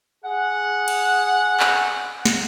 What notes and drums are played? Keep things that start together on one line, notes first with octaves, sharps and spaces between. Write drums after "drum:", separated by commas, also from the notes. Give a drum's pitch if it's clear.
G#4 F#5
drum: cymbal
drum: clap
drum: snare